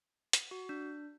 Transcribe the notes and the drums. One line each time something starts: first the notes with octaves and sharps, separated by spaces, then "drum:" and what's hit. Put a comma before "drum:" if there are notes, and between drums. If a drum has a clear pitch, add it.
drum: hi-hat
F#4
D4